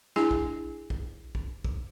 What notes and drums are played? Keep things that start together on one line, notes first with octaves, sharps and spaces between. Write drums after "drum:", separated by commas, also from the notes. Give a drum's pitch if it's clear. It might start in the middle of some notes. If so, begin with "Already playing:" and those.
D4 E4 G#4 G#5, drum: snare
drum: kick
drum: kick
drum: kick
drum: kick